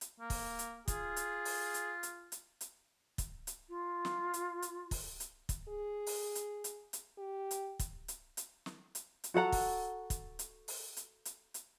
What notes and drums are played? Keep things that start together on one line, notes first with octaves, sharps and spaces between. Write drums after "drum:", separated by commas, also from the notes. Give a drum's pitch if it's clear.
drum: hi-hat
A#3
drum: kick, open hi-hat
drum: hi-hat
F4 G#4, drum: kick, hi-hat
drum: hi-hat
drum: open hi-hat
drum: hi-hat
drum: hi-hat
drum: hi-hat
drum: hi-hat
drum: kick, hi-hat
drum: hi-hat
F4
drum: snare
drum: hi-hat
drum: hi-hat
drum: kick, open hi-hat
drum: hi-hat
drum: kick, hi-hat
G#4
drum: open hi-hat
drum: hi-hat
drum: hi-hat
drum: hi-hat
G4
drum: hi-hat
drum: kick, hi-hat
drum: hi-hat
drum: hi-hat
drum: snare
drum: hi-hat
drum: hi-hat
F#4 A4 F#5 A#5
drum: kick, open hi-hat
drum: kick, hi-hat
drum: hi-hat
drum: open hi-hat
drum: hi-hat
drum: hi-hat
drum: hi-hat